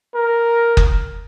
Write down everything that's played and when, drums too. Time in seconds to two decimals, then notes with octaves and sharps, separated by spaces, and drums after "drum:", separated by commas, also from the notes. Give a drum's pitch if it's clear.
0.15 A#4
0.77 drum: kick F#1